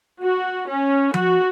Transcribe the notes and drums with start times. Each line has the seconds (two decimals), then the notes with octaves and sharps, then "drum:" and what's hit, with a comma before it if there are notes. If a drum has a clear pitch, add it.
0.22 F#4
0.69 C#4
1.14 F#4, drum: tom F3